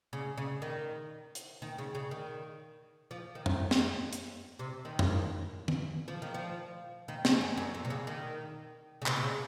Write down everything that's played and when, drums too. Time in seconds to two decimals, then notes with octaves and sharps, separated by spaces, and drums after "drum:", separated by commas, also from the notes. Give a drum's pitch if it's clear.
0.13 C#3
0.38 C#3
0.62 D#3
1.35 drum: hi-hat
1.62 D#3
1.78 C#3
1.95 C#3
2.11 D#3
3.11 F3
3.35 D#3
3.46 drum: tom
3.71 drum: snare
4.13 drum: hi-hat
4.59 C3
4.85 D#3
4.99 drum: tom
5.68 drum: tom
6.08 F3
6.22 D#3
6.34 F3
7.08 D#3
7.25 C#3, drum: snare
7.41 F#2
7.57 F#2
7.74 F2
7.85 C3
7.90 C#3
8.07 D#3
9.02 C#3
9.06 C3, drum: clap
9.16 C3
9.23 C#3